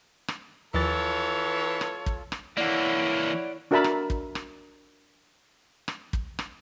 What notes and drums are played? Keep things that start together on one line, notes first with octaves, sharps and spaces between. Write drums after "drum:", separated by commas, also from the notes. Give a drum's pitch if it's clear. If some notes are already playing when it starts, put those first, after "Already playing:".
drum: rim click
D#2 E3 F3 F4 A4 C#5 A6
drum: rim click
drum: kick
drum: rim click
E3 A#3 E4 C#5 D5 F#5
D4 F#4 A#4 E5 A5 B5
drum: rim click
drum: kick
drum: rim click
drum: rim click
drum: kick
drum: rim click